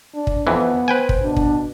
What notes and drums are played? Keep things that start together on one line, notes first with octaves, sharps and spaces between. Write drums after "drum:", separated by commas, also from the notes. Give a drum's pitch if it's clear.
D4
drum: kick
F2 E3 B3
B4 C5 G5 G#5
drum: kick
B2 D4
drum: kick